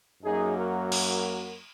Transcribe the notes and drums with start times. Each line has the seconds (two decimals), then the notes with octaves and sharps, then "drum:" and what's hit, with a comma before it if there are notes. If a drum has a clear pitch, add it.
0.23 F#2 F#3 A#3 D#4 G#4
0.57 F#4 A#4
0.92 F#4 A#4, drum: cymbal